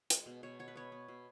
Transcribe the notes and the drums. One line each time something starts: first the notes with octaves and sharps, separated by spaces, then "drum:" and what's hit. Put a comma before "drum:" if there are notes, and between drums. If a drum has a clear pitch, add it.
G#3, drum: hi-hat
B2
B2 C#5
B3 C#5
B4
B3 C#5
B3
B2